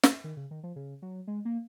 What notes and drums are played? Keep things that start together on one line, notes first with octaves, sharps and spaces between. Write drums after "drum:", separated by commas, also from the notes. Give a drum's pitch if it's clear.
drum: snare
D#3
C#3
D#3
F3
C#3
F#3
G#3
A#3